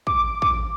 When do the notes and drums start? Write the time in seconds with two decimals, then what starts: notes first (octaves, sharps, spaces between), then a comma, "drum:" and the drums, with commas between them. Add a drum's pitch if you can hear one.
0.07 D6, drum: kick
0.42 drum: kick